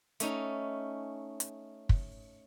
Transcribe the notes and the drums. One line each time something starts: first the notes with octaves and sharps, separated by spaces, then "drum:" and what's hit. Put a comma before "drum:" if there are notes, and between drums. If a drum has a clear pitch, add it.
A3 C#4 D#4, drum: hi-hat
drum: hi-hat
drum: kick